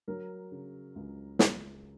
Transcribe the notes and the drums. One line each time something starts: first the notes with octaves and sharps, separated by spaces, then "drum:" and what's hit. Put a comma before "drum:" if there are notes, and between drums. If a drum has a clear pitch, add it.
F#3 A#4
C#3
C#2
C#2, drum: snare